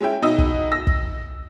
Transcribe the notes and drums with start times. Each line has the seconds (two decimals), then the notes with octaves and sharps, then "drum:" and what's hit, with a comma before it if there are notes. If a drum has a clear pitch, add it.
0.01 G#3 C#4 E4 G5
0.22 B2 D#4 D#5 E6
0.38 drum: kick
0.72 E6 A#6
0.87 drum: kick